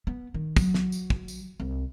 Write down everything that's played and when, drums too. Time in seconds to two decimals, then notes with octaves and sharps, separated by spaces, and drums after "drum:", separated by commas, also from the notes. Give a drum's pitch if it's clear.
0.07 B3
0.34 D#3
0.56 F#3, drum: kick, tambourine
0.74 drum: snare
0.92 drum: tambourine
1.10 drum: kick
1.28 drum: tambourine
1.60 C2